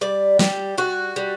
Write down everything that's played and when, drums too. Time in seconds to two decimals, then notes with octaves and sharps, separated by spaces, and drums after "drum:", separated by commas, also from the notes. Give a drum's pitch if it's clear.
0.01 G3 D5
0.39 G3 G4, drum: snare
0.78 G3 F#4
1.16 G3